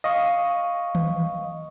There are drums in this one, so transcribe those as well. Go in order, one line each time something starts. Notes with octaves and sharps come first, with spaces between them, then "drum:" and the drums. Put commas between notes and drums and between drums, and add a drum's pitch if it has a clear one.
D#5 F5 C#6
drum: tom D#3